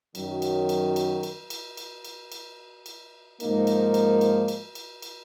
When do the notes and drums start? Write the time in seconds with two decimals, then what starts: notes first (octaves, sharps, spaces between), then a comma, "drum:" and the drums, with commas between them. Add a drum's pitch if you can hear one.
0.15 F#2 D#3 F#3, drum: cymbal
0.42 drum: cymbal
0.69 drum: cymbal
0.96 drum: cymbal
1.23 drum: cymbal
1.50 drum: cymbal
1.77 drum: cymbal
2.05 drum: cymbal
2.32 drum: cymbal
2.86 drum: cymbal
3.40 G#2 F3 A#3 D#4 A#4, drum: cymbal
3.67 drum: cymbal
3.94 drum: cymbal
4.21 drum: cymbal
4.48 drum: cymbal
4.75 drum: cymbal
5.02 drum: cymbal